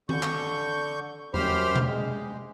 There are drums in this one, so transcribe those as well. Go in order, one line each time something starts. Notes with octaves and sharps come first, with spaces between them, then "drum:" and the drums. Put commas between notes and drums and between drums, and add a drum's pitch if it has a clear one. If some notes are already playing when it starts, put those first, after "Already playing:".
D3 C#6 G6, drum: tom D#3
drum: clap
F#2 G4 C5 B5 C6 F6, drum: tom E2
drum: tom B2
G#3